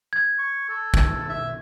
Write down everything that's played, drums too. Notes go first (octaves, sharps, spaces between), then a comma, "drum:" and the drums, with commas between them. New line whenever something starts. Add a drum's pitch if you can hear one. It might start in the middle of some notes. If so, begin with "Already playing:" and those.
G#6
C#6
A4
drum: kick
E5